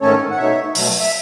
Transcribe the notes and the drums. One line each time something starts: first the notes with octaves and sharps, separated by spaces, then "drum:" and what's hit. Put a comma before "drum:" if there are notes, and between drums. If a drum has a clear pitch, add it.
G#2 D#3 A3 C#4 A4 C#5
F#5
B2 A3 D#4 C#5 E5
B2 F#3 A3, drum: open hi-hat
E5